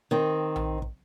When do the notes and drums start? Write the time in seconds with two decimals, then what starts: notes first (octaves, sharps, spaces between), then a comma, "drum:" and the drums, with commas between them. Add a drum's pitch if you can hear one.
0.11 D#3 C4
0.56 drum: tom A#1
0.82 drum: kick